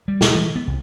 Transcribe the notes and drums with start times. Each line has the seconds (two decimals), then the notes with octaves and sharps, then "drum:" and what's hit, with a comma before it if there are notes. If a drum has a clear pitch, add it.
0.08 G3
0.21 B2, drum: snare
0.35 E3
0.56 B3
0.67 C2